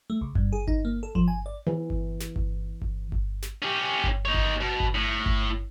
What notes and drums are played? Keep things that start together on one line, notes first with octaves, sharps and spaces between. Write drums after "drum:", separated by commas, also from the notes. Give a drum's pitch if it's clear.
A3
C#2
G2, drum: kick G1
G#4
D#4, drum: kick G1
A#3
A4
F3, drum: kick G1
G#5
D5
E3
drum: kick G1
drum: snare
drum: kick G1
drum: kick G1
drum: kick G1
drum: snare
C#4 G4
drum: kick G1
D#4 C#5
drum: kick G1
B2
drum: kick G1
A2
drum: kick G1